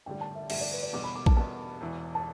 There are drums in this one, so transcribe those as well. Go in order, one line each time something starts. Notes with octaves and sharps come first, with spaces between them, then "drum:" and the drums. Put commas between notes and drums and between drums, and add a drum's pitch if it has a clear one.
A1 G2 D3 G3 G5
A5
E5
A1 G2 D3 G3 E5, drum: cymbal
D5
B4
D5
E2 B2 G3 B3 D6
B5
D6
A5, drum: kick A#1
E2 B2 G3 B3 A5
E1 E2 E3
A5